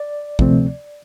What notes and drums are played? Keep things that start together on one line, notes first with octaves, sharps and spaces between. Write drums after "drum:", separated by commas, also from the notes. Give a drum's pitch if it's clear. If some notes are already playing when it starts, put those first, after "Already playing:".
Already playing: D5
D2 C3 F3 A3 C4, drum: kick